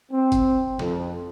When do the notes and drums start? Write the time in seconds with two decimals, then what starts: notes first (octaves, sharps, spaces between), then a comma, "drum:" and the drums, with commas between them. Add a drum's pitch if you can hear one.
0.11 C4
0.32 drum: kick G#1, hi-hat
0.79 F2, drum: snare